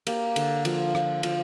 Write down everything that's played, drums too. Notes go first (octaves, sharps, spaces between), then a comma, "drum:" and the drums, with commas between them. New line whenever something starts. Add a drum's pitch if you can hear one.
A#3 G4, drum: cymbal
D3, drum: cymbal
F3, drum: cymbal
F3, drum: rim click
F3, drum: cymbal